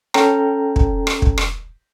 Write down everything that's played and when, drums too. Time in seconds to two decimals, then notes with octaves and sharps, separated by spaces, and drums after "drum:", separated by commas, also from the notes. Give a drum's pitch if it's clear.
0.14 C#4 A4 G5 A#5, drum: rim click
0.76 drum: kick
1.07 drum: rim click
1.22 drum: kick
1.38 drum: rim click